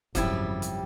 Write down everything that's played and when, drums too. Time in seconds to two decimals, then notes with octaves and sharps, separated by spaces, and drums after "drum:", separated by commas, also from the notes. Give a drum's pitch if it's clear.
0.15 G#1 F#2 C#3 F3 G3 E4 G4, drum: kick, hi-hat
0.62 drum: hi-hat